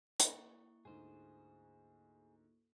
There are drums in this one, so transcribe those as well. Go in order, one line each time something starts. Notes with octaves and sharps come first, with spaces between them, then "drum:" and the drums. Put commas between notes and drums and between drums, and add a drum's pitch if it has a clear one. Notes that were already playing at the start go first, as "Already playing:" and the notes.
A#3 E4 C#6, drum: hi-hat
D2 G#2 G#4 C5